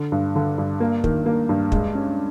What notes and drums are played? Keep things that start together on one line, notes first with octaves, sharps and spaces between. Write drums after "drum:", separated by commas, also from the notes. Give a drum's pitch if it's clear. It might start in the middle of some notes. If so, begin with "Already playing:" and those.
Already playing: D3
G2
D3
G2
A#3
D#3, drum: kick
A#3
G2
G#3, drum: kick
C#4